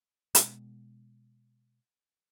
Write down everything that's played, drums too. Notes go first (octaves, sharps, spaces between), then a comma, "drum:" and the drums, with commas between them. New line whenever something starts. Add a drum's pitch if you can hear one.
B2 G#3, drum: hi-hat